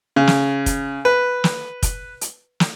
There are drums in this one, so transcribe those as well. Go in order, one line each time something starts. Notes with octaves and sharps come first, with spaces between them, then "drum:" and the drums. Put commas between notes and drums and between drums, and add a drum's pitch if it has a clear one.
C#3
drum: snare
drum: kick, hi-hat
B4
drum: snare
drum: kick, hi-hat
drum: hi-hat
drum: snare